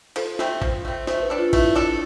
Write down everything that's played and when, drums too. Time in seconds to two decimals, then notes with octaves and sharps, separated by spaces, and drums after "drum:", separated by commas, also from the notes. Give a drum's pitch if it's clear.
0.16 F3 A4, drum: cymbal
0.39 A3 C4, drum: snare
0.62 F3, drum: kick
0.85 A3 C4
1.07 A3 C5, drum: snare
1.23 B4
1.30 D4 A4
1.38 F4
1.53 A3 E4, drum: kick, cymbal
1.75 D4 A4